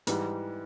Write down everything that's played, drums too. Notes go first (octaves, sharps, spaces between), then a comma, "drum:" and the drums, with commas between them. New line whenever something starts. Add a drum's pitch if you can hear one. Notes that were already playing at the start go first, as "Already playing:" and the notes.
G#2 E3 G3, drum: hi-hat